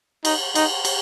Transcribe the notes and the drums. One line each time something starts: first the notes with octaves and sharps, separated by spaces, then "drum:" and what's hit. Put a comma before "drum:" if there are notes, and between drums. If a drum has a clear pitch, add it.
D#4, drum: cymbal
D#4, drum: cymbal
drum: cymbal